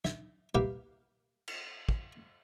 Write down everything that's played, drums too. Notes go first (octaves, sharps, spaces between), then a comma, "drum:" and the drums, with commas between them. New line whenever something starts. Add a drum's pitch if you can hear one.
E5, drum: snare
A#3 G4 B4 E5 F5
drum: cymbal
drum: kick